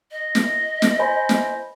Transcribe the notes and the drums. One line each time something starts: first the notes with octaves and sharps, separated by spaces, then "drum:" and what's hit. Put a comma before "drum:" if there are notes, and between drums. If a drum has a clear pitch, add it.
D#5
drum: snare
drum: snare
C5 G#5 B5
drum: snare